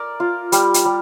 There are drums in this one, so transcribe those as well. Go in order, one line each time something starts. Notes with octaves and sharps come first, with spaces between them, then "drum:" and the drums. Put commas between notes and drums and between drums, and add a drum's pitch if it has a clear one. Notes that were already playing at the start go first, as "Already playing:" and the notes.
Already playing: A#4 D5
F4
G3, drum: hi-hat
drum: hi-hat
G3